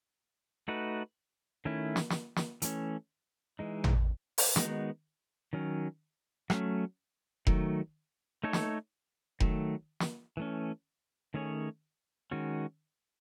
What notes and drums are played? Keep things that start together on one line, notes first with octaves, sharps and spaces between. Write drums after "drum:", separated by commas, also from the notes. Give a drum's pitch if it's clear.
A3 D#4 F#4 B4
D#3 A3 C#4 E4
drum: snare
drum: snare
drum: snare
E3 A3 C#4, drum: hi-hat
E3 G#3 D#4
drum: tom
drum: open hi-hat
D#3 G#3 B3 D#4 F#4, drum: snare
D#3 F#3 C#4
F#3 A3 C#4, drum: rim click
D#3 F#3 A3, drum: kick F1
A3 D#4 A4 C#5
drum: snare
D#3 F#3 A3, drum: kick F1
drum: snare
E3 A3 C#4
D#3 A3 C#4 G#4 C#5
D#3 G#3 C#4 F#4